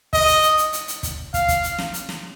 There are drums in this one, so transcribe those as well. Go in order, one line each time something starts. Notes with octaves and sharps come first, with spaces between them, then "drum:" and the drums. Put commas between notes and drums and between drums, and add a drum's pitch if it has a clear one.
D#5, drum: kick, open hi-hat
drum: hi-hat
drum: hi-hat
drum: hi-hat
drum: hi-hat
drum: hi-hat
drum: kick, hi-hat
F5, drum: kick, hi-hat
drum: kick, hi-hat
drum: hi-hat
drum: snare
drum: hi-hat
drum: snare